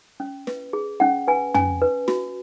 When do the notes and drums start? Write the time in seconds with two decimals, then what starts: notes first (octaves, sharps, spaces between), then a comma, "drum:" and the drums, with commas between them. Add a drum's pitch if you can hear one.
0.20 C#4
0.47 B4, drum: snare
0.73 G#4
1.00 C#4 F#5
1.28 B4 G#5
1.55 C#4 G#5, drum: tom
1.82 B4
2.08 F#4, drum: snare